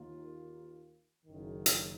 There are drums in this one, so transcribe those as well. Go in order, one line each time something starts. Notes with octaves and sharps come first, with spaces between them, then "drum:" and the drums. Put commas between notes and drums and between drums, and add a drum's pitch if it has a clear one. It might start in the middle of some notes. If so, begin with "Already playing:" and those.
Already playing: D#2 D#3 A#3 F4
F#1 F#2 D#3
drum: hi-hat